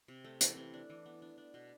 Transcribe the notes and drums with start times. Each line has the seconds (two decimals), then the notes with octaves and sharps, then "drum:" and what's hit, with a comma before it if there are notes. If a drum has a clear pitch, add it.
0.08 C3
0.24 A3
0.41 E3, drum: hi-hat
0.57 C3
0.74 D4
0.90 E3
1.06 B3
1.22 D4
1.38 D4
1.54 B2